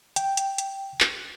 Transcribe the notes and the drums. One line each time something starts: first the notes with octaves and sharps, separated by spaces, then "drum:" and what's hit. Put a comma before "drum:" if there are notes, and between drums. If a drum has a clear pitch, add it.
G5, drum: hi-hat
drum: hi-hat
drum: hi-hat
drum: clap